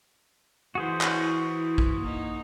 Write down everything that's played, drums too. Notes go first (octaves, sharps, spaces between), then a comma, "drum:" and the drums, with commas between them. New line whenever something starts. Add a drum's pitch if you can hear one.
E3 E4 F#4 G#4 C5
drum: clap
drum: kick A#1
A#3 D#4